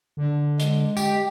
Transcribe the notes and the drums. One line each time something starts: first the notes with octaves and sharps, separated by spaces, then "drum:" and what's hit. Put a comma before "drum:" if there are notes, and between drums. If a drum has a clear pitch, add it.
D3
G#3, drum: hi-hat
G4, drum: tambourine